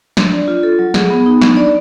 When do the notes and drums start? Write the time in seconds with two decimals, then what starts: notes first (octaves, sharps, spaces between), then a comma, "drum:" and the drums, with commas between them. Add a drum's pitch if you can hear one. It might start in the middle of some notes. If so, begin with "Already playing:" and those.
0.17 D4, drum: snare
0.32 D5
0.48 F4
0.63 A4
0.79 F#3
0.94 G#4, drum: snare
1.10 B3
1.26 D#4
1.41 D4, drum: snare
1.57 D5